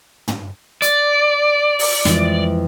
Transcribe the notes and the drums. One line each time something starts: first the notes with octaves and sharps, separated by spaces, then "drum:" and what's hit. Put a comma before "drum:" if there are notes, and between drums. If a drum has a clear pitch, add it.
drum: tom
D5, drum: hi-hat
drum: open hi-hat
F2 E3 G#3, drum: snare